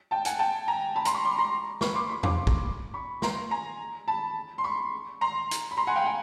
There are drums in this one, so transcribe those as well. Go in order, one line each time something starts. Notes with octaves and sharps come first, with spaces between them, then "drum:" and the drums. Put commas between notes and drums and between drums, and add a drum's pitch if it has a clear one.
G5 A5
F#5 G#5, drum: hi-hat
G5 A5
G#5 A#5
A5 B5
A#5 C6, drum: hi-hat
B5 C#6
C6 D6
A#5 C6
B5 C#6, drum: snare
C6 D6
B5 C#6
C6 D6, drum: tom E2
drum: kick
B5 C#6
A#5 C6, drum: snare
G#5 A#5
A5 B5
C6
B5 C#6
A#5 C6
drum: hi-hat
B5
A#5 C6
F#5 G#5
F5 G5
F#5 G#5